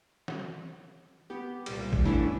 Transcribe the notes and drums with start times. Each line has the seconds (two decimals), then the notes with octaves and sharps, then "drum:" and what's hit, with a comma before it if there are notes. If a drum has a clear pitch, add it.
0.28 drum: snare
1.30 B3 G4
1.66 C2 A#2 G3, drum: cymbal
1.93 drum: kick A1
2.05 E3 A3 B3 C#4 D4 E4